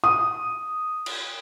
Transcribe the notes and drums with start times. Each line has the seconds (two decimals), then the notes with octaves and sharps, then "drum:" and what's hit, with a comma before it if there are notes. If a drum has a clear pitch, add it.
0.04 D#6
1.06 drum: cymbal